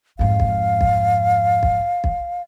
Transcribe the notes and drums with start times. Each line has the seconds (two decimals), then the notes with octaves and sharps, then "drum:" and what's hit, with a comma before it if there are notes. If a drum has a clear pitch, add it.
0.19 F2 G#2 F5
0.40 drum: kick
0.81 drum: kick
1.63 drum: kick
2.04 drum: kick